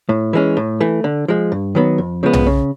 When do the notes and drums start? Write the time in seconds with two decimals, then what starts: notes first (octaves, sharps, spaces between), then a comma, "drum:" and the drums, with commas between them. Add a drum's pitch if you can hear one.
0.09 A2
0.33 E3 G#3 C#4
0.57 A2
0.81 E3 A3
1.04 D3
1.28 F3 G#3
1.52 G2
1.75 D#3 F#3 B3
1.98 F2
2.23 C#3 F3 G#3 B3
2.33 drum: tom B1
2.46 C#3